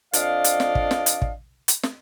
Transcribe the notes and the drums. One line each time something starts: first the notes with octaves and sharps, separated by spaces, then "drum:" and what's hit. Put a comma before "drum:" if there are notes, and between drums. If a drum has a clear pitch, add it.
F2 D4 D5 D#5 F5, drum: hi-hat
drum: hi-hat
drum: snare
drum: kick
drum: snare
drum: hi-hat
drum: kick
drum: hi-hat
drum: snare